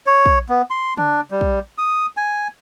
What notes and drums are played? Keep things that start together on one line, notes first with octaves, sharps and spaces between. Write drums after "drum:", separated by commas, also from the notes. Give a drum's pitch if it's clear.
C#5
drum: kick
B3
C6
D4, drum: tom C#3
G3
drum: kick
D#6
G#5